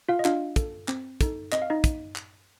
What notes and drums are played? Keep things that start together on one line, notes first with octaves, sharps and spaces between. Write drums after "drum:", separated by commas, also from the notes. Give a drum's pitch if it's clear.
F4 F5
D#5
D4 F4 F5, drum: clap
A4, drum: kick, hi-hat
C4, drum: clap
D#4 A4, drum: kick, hi-hat
C4 D#5, drum: clap
F5
D#4 D#5
drum: kick, hi-hat
drum: clap